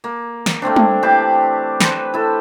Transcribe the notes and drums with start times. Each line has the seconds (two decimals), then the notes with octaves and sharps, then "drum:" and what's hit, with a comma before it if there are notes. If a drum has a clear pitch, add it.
0.04 A#3
0.46 drum: snare
0.62 A3 A#3 C4 D4
0.76 drum: tom G3
1.03 E3 D4 G4 A5
1.81 B4 C5, drum: snare
2.14 E4 A4